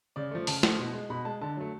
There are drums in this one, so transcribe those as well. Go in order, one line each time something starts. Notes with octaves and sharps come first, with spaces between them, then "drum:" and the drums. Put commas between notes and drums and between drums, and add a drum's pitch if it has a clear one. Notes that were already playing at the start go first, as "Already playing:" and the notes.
C#3 D5
F3 A3
C#3 A5, drum: open hi-hat
F3 A3, drum: snare
B2
G#3
B2 B5
G#3 A5
D3 A5
F#3 A3